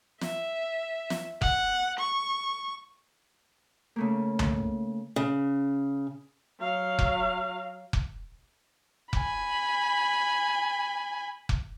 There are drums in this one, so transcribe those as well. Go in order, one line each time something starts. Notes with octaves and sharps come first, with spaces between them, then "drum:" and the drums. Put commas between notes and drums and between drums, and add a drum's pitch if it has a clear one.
E5, drum: snare
drum: snare
F#5, drum: kick F1
C#6
C#3 A3 A#3
drum: tom C2
C#3
F#3 F5
drum: kick F1
drum: kick F1
G#5 B5, drum: kick F1
drum: kick F1